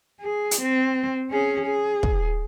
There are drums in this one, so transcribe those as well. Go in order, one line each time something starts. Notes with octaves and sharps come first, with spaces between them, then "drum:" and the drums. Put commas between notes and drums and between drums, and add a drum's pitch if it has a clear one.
G#4
drum: hi-hat
C4
C#4 G#4
G#4
drum: kick